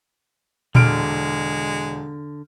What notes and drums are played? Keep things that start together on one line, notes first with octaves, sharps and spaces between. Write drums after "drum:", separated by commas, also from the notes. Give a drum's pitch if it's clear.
E1 D3 G#3 F6 D7, drum: tom A#2